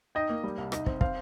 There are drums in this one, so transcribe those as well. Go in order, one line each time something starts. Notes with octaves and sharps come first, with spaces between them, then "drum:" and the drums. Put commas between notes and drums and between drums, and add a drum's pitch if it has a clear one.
D#4 D#5 G5
A#3
G3
C2
D#4 D#5, drum: rim click
C4, drum: kick
C4 F5, drum: kick